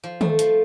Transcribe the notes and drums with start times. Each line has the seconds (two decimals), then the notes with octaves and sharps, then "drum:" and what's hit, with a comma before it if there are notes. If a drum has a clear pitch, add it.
0.04 F3
0.21 A3, drum: tom D#3
0.39 F3, drum: hi-hat